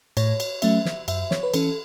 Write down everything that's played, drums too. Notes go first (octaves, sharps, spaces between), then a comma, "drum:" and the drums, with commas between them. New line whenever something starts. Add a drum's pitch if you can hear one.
A2 C#5, drum: cymbal
drum: cymbal
F#3 A3 C#4 E5, drum: cymbal
drum: snare
F#2 E5, drum: cymbal
C#5, drum: snare
B4
E3 C#4 A4, drum: cymbal